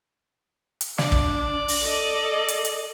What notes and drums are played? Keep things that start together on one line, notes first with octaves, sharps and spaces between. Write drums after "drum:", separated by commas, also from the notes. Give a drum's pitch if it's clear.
drum: hi-hat
D4 D5, drum: snare
drum: kick
drum: open hi-hat
A4 D#5
drum: hi-hat
drum: hi-hat